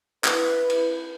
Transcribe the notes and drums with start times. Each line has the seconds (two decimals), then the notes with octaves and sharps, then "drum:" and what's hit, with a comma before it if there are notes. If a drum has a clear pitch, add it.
0.24 E4 B4, drum: clap
0.70 drum: cymbal